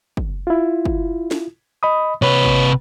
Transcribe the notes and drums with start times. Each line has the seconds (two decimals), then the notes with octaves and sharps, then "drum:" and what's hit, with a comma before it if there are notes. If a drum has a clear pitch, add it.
0.17 drum: kick
0.47 E4 F4
0.85 drum: kick
1.31 drum: snare
1.83 D#5 B5 D#6
2.22 C3 B4 C#5
2.45 drum: kick